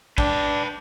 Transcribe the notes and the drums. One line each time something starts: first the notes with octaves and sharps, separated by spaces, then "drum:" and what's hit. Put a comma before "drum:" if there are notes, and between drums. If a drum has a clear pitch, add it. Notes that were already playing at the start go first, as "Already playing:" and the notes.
D4 B4 G5, drum: kick